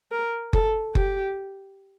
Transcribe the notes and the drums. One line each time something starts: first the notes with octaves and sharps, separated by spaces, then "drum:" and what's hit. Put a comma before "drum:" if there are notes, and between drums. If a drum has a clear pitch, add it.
A#4
A4, drum: kick F#1
G4, drum: kick F#1